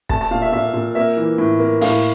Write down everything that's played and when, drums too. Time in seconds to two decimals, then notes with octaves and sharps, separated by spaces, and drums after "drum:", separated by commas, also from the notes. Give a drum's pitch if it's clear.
0.09 A3 A5, drum: kick
0.21 A5
0.31 A#2 F5
0.42 E5
0.52 A#2 E5
0.73 A#2
0.95 A#3 E5
1.17 E3
1.38 A2
1.60 A#3
1.81 A2 F5, drum: open hi-hat